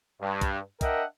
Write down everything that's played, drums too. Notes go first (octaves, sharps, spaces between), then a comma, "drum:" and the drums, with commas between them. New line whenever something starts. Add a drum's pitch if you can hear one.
G2
drum: kick B1, hi-hat
D4 A#4 D#5 E5 F#5 G5, drum: kick B1, hi-hat